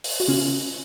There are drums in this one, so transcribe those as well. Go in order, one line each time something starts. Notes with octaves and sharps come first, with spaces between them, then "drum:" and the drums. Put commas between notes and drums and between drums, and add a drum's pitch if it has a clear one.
drum: open hi-hat
F#4
C#3 C#4 F4